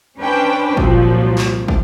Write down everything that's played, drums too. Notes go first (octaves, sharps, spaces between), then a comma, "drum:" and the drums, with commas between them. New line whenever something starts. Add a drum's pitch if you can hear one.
C#4 D4 B4 C5 G5
C2 A#2 F3 F#3, drum: kick
drum: clap
drum: kick